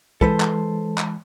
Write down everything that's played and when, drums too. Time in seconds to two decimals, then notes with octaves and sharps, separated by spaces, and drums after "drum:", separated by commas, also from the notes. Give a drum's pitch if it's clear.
0.21 E3 G#3 A4 B4 C5 A5, drum: kick
0.40 drum: clap
0.98 drum: clap